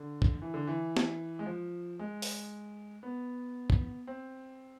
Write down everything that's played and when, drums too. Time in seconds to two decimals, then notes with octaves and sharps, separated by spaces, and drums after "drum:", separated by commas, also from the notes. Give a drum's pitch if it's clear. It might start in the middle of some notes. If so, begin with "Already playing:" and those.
Already playing: D3
0.22 drum: kick
0.42 E3
0.54 D3
0.67 E3
0.97 drum: snare
1.39 G#3
1.46 F3
1.99 G#3
2.22 drum: open hi-hat
3.03 B3
3.70 drum: kick
4.07 C4